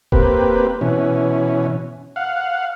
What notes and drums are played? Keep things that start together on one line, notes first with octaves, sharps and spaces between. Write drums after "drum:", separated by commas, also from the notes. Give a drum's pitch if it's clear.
A#3 C4 G4 B4, drum: kick D#1
B2 E3 C#4
F5 F#5